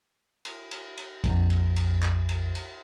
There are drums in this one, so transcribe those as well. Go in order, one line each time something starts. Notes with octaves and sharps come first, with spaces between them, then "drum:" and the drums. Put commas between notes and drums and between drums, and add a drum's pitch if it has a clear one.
drum: cymbal
drum: cymbal
drum: cymbal
A#1 F2, drum: kick, cymbal
drum: cymbal
drum: cymbal
drum: clap
drum: cymbal
drum: cymbal